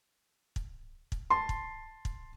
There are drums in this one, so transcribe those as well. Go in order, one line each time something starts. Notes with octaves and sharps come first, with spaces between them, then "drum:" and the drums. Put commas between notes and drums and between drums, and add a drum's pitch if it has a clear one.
drum: kick
drum: kick
A5 C6
drum: kick
drum: kick